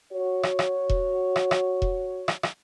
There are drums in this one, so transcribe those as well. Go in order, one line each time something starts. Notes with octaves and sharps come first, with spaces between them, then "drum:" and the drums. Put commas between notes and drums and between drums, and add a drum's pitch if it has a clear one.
F#4 C#5
drum: rim click
drum: rim click
drum: kick E1
drum: rim click
drum: rim click
drum: kick E1
drum: rim click
drum: rim click